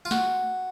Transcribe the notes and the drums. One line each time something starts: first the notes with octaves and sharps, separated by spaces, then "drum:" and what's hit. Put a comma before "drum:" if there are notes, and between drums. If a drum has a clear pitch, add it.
F4
F#4, drum: snare